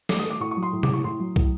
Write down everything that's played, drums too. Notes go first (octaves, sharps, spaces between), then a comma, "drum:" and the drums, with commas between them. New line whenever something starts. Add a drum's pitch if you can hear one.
A3 D6, drum: snare
D#6
A3 D6
A2 C#6
C#6
F#3
C6
A2
D6, drum: tom C3
A2
C#6
A2 C6
F#3
A2, drum: kick